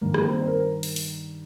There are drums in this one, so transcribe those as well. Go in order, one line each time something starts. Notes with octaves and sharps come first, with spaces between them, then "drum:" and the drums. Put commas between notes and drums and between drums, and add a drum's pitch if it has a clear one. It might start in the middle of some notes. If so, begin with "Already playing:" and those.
G2 D#3 A#3
A#3, drum: rim click
C4
C5
A#4
drum: open hi-hat
drum: open hi-hat